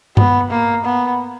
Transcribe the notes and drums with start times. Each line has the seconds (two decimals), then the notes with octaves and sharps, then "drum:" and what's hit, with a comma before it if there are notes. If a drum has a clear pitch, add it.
0.17 B3, drum: tom G2
0.51 A#3
0.85 B3